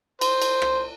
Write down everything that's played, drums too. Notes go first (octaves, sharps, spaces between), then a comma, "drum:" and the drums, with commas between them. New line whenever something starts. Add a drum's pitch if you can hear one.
C5, drum: cymbal
drum: cymbal
drum: rim click